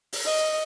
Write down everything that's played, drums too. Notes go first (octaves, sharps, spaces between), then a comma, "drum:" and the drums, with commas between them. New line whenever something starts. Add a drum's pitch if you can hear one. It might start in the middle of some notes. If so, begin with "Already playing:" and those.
drum: open hi-hat
D#5